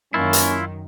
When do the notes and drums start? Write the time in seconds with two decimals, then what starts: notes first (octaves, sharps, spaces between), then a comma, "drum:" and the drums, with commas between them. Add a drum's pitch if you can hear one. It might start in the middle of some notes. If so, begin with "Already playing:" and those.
0.14 F#2 D#3 A#3 C#4 E4 F4
0.33 drum: hi-hat